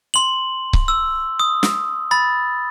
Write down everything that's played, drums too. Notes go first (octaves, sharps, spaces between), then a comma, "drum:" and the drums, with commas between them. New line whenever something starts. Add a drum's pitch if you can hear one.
C6 F#7
drum: kick C#1
E6
D#6
drum: snare
B5 A6